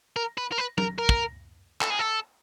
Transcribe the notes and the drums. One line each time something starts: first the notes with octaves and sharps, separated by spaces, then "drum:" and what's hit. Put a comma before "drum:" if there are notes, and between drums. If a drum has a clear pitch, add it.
A#4
B4
A#4
B4
A#4, drum: tom F#3
A#4
drum: kick
A4, drum: clap
G#4
A4